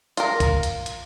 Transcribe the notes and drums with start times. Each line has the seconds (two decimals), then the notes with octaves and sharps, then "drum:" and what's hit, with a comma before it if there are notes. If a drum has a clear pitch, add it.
0.17 F4 A#4, drum: hi-hat
0.40 drum: kick, hi-hat
0.63 drum: hi-hat
0.86 drum: hi-hat